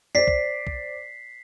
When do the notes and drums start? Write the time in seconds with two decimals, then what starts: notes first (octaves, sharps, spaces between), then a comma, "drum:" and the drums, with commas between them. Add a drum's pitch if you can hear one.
0.15 C5 D5 B6 C7
0.27 drum: kick
0.67 drum: kick